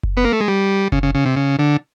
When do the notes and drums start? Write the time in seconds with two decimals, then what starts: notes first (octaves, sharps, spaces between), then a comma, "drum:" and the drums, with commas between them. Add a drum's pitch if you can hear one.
0.03 drum: kick F#1
0.17 B3
0.24 A#3
0.33 A3
0.40 G#3
0.48 G3
0.92 C#3, drum: kick F#1
1.03 C#3
1.15 C#3
1.25 C3
1.36 C#3
1.59 D3